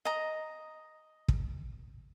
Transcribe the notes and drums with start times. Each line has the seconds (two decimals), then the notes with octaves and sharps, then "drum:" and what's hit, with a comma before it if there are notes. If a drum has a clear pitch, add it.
0.05 D#5 A#5
1.28 drum: kick